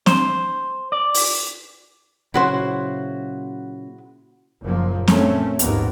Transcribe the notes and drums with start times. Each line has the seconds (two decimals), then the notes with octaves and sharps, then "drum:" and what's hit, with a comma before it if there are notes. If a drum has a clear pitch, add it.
0.06 C5, drum: snare
0.92 D5
1.14 drum: open hi-hat
2.34 A#2 C#3 F#3 E4 F#4 C5
4.63 F#1 A#2 F3 A#3
5.08 A#2 A3 C4 C#4, drum: snare
5.59 A#1 D#2 G#2 D#3 A#3 B3, drum: hi-hat